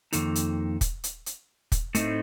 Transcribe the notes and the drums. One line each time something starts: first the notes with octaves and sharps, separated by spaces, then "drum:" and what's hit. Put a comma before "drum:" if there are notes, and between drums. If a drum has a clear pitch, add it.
F2 D#3 A#3 D#4 A4, drum: hi-hat
drum: hi-hat
drum: kick, hi-hat
drum: hi-hat
drum: hi-hat
drum: kick, hi-hat
A2 A3 C4 D#4, drum: hi-hat